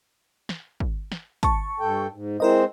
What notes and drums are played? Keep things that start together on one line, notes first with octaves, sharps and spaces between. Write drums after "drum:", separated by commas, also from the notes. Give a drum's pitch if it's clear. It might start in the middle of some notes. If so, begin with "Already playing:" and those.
drum: snare
drum: kick
drum: snare
A5 C#6, drum: kick, hi-hat
G2 A4 G5
G#2
G#3 C4 E4 A#4 C5 D#5